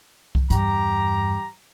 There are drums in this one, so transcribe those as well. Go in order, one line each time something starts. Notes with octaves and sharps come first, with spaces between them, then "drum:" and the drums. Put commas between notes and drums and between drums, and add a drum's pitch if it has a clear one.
drum: kick C2
E2 G2 G4 A#5, drum: hi-hat